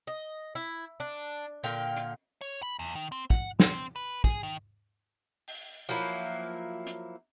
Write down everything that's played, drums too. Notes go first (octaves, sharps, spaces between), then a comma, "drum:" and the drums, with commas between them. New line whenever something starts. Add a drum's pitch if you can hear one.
D#5
E4
D4
A#2 D3 F5 G5
drum: hi-hat
C#5
B5
E2
D#3
C4
F#5, drum: kick
C4, drum: snare
B4
G#4, drum: kick
D#3
drum: open hi-hat
F3 F#3 A#3 E4
drum: hi-hat